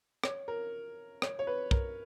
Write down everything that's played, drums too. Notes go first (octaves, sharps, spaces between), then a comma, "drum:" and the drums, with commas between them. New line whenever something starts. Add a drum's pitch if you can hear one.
C#5, drum: rim click
A#4
C#5, drum: rim click
C#5
B4
A#4, drum: kick